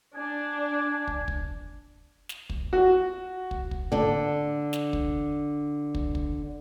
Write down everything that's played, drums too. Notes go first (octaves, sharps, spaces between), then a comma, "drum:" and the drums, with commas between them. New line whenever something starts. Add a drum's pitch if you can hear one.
D4 G#5
drum: kick
drum: kick
drum: snare
drum: kick
F#4
drum: kick
drum: kick
D3 D4
drum: snare
drum: kick
drum: kick
drum: kick